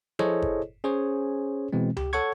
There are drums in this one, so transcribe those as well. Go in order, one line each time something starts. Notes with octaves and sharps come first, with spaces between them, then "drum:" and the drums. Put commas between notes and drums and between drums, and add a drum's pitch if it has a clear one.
E4 G#4 A4 C5 C#5 D#5, drum: tom F3
drum: kick
C#4 G#4 C5 C#5
B2 E3 G#3 C4
G4, drum: tom C#2
A4 C#5 F#5 C#6 G#6